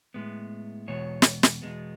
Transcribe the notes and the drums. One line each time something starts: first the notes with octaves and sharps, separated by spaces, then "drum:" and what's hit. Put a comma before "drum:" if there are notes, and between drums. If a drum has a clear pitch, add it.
A2 G#3 B3
E2 B2 G#3 B3 C#5
drum: snare
drum: snare
E2 B2 G#3 B3